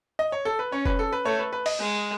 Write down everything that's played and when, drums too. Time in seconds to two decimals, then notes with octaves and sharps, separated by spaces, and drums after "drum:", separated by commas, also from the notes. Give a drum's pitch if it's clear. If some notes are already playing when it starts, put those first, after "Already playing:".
0.19 D#5
0.32 C#5
0.45 A4
0.59 B4
0.72 C#4 C#5
0.85 B4, drum: kick F1
0.99 A4
1.12 B4
1.25 A3 C#5
1.39 B4
1.53 B4
1.66 D#5, drum: open hi-hat
1.80 G#3